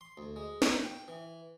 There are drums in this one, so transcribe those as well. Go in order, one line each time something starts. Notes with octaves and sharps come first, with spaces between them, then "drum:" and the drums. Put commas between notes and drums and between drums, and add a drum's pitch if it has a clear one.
C6
D2
G#3
A#2, drum: snare
G5
E3